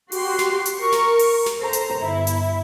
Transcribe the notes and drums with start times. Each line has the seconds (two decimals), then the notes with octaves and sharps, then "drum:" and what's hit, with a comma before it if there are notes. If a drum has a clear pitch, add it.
0.12 F#4 G4 C6 C7, drum: open hi-hat
0.39 drum: snare
0.66 drum: hi-hat
0.78 A#4 C#6
0.92 drum: snare
1.19 drum: open hi-hat
1.46 drum: snare
1.60 A4 C5 A#5
1.73 drum: hi-hat
1.97 G1 E4
2.27 drum: hi-hat